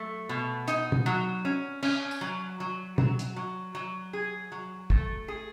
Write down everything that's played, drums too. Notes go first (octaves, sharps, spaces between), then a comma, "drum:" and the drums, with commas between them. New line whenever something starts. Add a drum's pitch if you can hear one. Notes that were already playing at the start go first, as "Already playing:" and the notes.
Already playing: F#3 A3
B2
D#4, drum: hi-hat
drum: tom
F#3
C#4
C#4, drum: cymbal
drum: tambourine
F#3
F#3
F#3, drum: tom
drum: hi-hat
F#3
F#3
G#4
F#3
A3, drum: kick
G#4